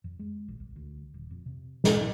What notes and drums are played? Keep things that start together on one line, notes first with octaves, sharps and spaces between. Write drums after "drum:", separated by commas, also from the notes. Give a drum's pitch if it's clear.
F2
G#3
A#1
C2
D2
D#1
F2
C3
G#2, drum: snare
F#3